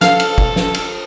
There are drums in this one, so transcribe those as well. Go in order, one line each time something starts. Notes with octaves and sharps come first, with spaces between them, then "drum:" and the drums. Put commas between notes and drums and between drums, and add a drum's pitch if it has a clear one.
A4 F5, drum: snare
drum: cymbal
drum: kick
drum: snare
drum: cymbal